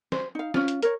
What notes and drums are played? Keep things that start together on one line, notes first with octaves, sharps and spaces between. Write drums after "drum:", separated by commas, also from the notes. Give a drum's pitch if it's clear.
C5, drum: snare
D#4 F5
C#4 F4, drum: snare
drum: hi-hat
A#4 C#5, drum: hi-hat